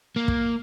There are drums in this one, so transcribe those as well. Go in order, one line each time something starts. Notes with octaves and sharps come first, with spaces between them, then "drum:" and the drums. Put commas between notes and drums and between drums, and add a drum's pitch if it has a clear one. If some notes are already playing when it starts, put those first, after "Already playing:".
A#3
drum: kick